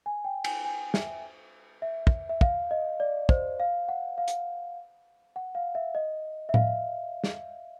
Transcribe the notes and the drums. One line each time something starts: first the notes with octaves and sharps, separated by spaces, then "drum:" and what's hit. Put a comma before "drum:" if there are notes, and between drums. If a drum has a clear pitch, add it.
G#5
G5
G#5, drum: cymbal
G#5
E5, drum: snare
E5
drum: kick
E5
F5, drum: kick
D#5
D5
C5, drum: kick
F5
F#5
F5
drum: hi-hat
F#5
F5
E5
D#5
E5
F5, drum: tom A2
drum: snare